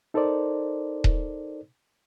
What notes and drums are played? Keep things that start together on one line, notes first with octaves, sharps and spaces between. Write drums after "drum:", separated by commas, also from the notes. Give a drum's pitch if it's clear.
D#4 A4 A#4 C5 D5
drum: kick D#1